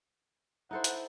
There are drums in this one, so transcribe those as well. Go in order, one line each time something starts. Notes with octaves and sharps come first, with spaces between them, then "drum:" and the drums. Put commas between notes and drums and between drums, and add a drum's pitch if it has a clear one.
D#4 E4 A4 C5 F#5
drum: hi-hat